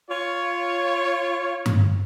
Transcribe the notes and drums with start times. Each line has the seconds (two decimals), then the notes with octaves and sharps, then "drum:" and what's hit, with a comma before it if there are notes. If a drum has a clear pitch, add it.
0.10 F4 C#5
1.66 drum: tom G2